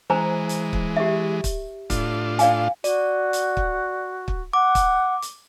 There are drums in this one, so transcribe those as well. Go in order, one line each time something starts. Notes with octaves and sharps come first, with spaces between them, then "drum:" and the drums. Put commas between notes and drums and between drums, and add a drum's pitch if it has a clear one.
E3 G#3 C5 G#5 A#5
drum: hi-hat
drum: kick
G4 E5
drum: kick, hi-hat
A2 D4 F4, drum: kick, hi-hat
D5 F5 G#5, drum: hi-hat
F#4 D5, drum: hi-hat
drum: hi-hat
drum: kick
drum: kick
F#5 D6
drum: kick, hi-hat
drum: hi-hat